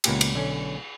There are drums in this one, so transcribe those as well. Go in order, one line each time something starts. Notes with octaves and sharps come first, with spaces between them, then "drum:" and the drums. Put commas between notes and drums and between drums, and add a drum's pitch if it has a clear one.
C#2 A#2 A#3 B3 G4 G#5, drum: cymbal
drum: cymbal
B1 D3 C#4